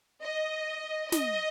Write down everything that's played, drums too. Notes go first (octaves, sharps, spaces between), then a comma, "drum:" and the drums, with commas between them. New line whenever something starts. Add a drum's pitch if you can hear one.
D#5
D#5, drum: snare